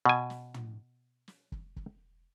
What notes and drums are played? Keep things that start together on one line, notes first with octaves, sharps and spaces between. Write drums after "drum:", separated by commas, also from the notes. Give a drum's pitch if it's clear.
B2 G#5
drum: snare
drum: tom
drum: snare
drum: kick
drum: kick